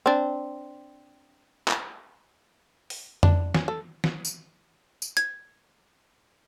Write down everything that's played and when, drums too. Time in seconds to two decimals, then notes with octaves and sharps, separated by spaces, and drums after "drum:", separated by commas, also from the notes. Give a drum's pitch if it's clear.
0.06 C4 D4
1.68 drum: clap
2.90 drum: open hi-hat
3.23 D4, drum: tom F2
3.54 C#4, drum: snare
3.68 A4
4.04 drum: snare
4.25 drum: tambourine
5.02 drum: tambourine
5.17 G#6, drum: hi-hat